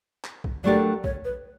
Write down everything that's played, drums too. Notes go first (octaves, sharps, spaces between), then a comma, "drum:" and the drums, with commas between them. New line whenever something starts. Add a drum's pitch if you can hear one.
drum: clap
drum: kick B1
F#3 A3 D4 G4 A#4 D5
C#5, drum: kick B1
B4